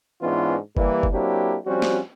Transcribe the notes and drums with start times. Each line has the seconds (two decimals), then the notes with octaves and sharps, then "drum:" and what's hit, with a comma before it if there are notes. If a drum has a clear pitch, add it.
0.22 G#2 E3 B3 C#4 D4 F4
0.77 E3 G3 A#3, drum: kick F#1
1.03 drum: kick F#1
1.13 F#3 A#3 C4 D4 E4 G4
1.66 F3 G3 C4 C#4 F#4
1.82 drum: snare